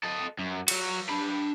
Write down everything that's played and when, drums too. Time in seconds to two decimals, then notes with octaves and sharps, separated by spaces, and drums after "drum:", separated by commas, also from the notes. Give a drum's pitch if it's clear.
0.03 A4 D#5
0.39 F#2
0.68 F#3 F#4, drum: cymbal
1.09 D4 B5